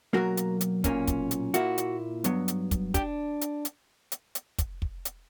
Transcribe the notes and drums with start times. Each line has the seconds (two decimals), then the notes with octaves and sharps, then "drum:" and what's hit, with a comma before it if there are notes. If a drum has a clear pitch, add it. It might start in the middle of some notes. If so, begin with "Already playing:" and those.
0.13 B1 B2 F#3 A#3 F#4 A#4
0.37 drum: hi-hat
0.61 drum: hi-hat
0.84 B1 A#2 A#3 C#4, drum: kick, hi-hat
1.07 drum: kick, hi-hat
1.31 drum: hi-hat
1.54 A#2 A#3 E4 F#4, drum: hi-hat
1.78 drum: hi-hat
2.24 G2 F#3 B3, drum: hi-hat
2.48 drum: hi-hat
2.71 drum: kick, hi-hat
2.94 D4 G4, drum: kick, hi-hat
3.41 drum: hi-hat
3.65 drum: hi-hat
4.12 drum: hi-hat
4.35 drum: hi-hat
4.58 drum: kick, hi-hat
4.82 drum: kick
5.05 drum: hi-hat